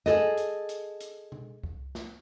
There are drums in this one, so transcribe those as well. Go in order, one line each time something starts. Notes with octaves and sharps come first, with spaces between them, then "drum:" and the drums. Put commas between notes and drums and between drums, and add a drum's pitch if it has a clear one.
G#4 A4 D#5, drum: snare
drum: hi-hat
drum: hi-hat
drum: hi-hat
drum: tom B2
drum: kick C2
drum: snare